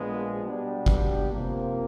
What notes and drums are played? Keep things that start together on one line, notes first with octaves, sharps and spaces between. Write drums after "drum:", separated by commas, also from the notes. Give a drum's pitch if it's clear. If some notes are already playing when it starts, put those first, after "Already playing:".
Already playing: A#1 A#2 F3 G#3 B3
B2 G3 B3 D4 G4
drum: kick G1
C3 F3 A#3